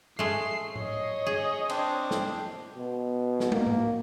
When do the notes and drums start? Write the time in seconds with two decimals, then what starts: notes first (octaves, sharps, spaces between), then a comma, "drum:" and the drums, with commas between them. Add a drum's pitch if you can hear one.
0.19 G#3 A3 C7
0.76 C#5 D#5, drum: tom A2
1.27 G#4
1.69 C4 D4 C5, drum: cymbal
2.11 drum: snare
2.75 B2
3.40 drum: snare
3.52 A#3, drum: tom
3.67 drum: tom A2